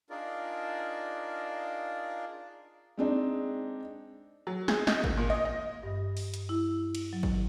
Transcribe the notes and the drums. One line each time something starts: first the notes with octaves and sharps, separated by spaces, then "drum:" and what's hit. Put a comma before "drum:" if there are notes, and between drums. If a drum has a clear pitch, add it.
D4 D#4 F4 G#4 A#4 D5
G#3 C4 D4 D#4
F#3
G#4, drum: snare
D#5, drum: snare
A#3, drum: kick G#1
A#2
D#5
D#5
G2
drum: open hi-hat
drum: hi-hat
E4
drum: cymbal
F#3
drum: kick G#1